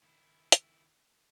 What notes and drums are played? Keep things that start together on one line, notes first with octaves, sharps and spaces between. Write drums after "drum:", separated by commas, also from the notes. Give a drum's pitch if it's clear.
D#3 E4
drum: hi-hat